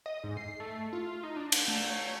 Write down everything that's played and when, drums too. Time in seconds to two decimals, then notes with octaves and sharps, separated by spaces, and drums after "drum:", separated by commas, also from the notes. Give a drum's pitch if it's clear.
0.06 D#5
0.23 G#2
0.37 C7
0.60 A3
0.93 F4
1.23 D#4
1.36 D4
1.52 drum: cymbal
1.68 A3
1.90 C#5